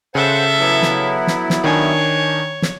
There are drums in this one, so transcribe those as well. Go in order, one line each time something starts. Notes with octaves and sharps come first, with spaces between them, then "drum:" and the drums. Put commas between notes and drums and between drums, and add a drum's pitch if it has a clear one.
C#3 A4 C5 E5 F#5
F#3 B3 E4
drum: snare
drum: snare
drum: snare
D#3 D4 C#5 G#5
drum: snare